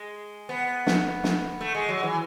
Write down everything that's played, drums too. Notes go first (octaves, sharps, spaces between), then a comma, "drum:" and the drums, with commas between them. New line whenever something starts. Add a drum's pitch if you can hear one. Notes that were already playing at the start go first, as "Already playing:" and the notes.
Already playing: G#3
B3
drum: snare
drum: snare
A3
G#3
F#3
E3